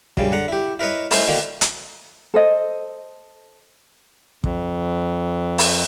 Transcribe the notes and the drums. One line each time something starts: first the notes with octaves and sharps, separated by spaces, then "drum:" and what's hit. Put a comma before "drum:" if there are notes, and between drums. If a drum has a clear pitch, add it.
A#1 F#2 C#3 G3, drum: kick
D3 F#5 A#5
E4 G4
E4 A#4 B4 C#5 D#5
A3 C#4 D#4 E4 C5, drum: open hi-hat
D2 D3 D#3 A#3
drum: hi-hat
A4 C5 D#5
F2, drum: kick
drum: open hi-hat